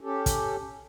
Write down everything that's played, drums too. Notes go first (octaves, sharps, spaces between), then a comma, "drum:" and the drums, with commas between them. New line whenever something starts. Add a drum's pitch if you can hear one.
C#4 G4 A4
drum: kick, hi-hat